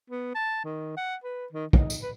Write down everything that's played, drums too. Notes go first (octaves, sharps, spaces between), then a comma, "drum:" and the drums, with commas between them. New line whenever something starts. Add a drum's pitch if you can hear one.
B3
A5
D#3
F#5
B4
D#3
D#4, drum: kick
drum: tambourine
B4